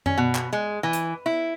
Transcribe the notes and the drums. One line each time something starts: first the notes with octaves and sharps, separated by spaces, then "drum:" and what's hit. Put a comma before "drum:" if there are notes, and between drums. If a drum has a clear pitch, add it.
C#4, drum: tom F#2
B2
drum: clap
G#3
E3
drum: hi-hat
E4